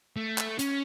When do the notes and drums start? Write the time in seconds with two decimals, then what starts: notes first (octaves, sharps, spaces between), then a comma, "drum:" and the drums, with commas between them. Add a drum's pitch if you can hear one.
0.17 A3
0.38 drum: clap
0.59 C#4, drum: hi-hat